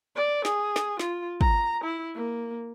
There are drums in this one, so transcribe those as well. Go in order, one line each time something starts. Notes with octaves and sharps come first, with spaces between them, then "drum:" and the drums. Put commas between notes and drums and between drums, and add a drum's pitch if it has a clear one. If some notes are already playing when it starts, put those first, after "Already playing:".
D5
G#4, drum: snare
drum: snare
F4, drum: snare
A#5, drum: kick
E4
A#3